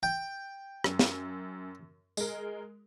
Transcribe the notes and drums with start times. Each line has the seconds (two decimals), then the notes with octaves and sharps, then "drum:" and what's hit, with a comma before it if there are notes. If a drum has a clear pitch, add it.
0.03 G5
0.84 F#2, drum: rim click
0.99 drum: snare
2.17 G#3 A#4, drum: tambourine